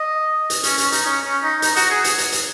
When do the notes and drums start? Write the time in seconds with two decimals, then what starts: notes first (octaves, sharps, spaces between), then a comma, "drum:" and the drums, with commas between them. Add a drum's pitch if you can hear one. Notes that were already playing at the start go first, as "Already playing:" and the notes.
Already playing: D#5
0.50 drum: hi-hat
0.64 C#4, drum: hi-hat
0.78 C#4, drum: hi-hat
0.92 D#4, drum: hi-hat
1.06 C#4
1.25 C#4
1.43 D#4
1.62 D#4, drum: hi-hat
1.76 F#4, drum: hi-hat
1.91 G#4
2.04 drum: hi-hat
2.18 drum: hi-hat
2.32 drum: hi-hat